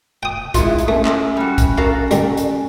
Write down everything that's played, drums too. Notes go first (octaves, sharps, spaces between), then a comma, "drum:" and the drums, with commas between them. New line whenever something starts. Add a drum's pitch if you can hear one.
G5 D#6
B2 G#3 B3 E4 F4 G#4, drum: kick, hi-hat
drum: hi-hat
A3 C#4 E4
drum: clap
G3 F#4
drum: kick, hi-hat
F#4 A4 A#4 F5
D3 G3, drum: hi-hat
drum: hi-hat